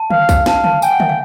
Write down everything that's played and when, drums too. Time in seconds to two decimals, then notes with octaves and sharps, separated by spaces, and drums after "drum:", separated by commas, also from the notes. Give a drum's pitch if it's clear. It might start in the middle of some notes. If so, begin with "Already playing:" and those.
Already playing: A5
0.10 F5, drum: tom C#3
0.29 drum: kick, tambourine
0.46 F5 A5, drum: snare
0.64 A5, drum: tom C#3
0.82 G5 G#5, drum: tambourine
0.91 F#5
1.00 E5, drum: tom C#3
1.09 F5